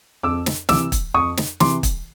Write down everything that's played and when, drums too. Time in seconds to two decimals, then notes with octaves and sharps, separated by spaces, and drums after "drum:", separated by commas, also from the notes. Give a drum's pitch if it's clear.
0.23 F2 D6 E6
0.46 drum: snare
0.69 C3 E3 D6 E6, drum: snare
0.92 drum: kick, hi-hat
1.14 F2 C#6 D#6
1.38 drum: snare
1.60 C3 E3 C6 D6, drum: snare
1.83 drum: kick, hi-hat